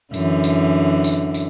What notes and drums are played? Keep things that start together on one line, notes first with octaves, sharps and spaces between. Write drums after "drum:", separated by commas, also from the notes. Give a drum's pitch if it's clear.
F#2 D3 E3, drum: tambourine
drum: tambourine
drum: tambourine
drum: tambourine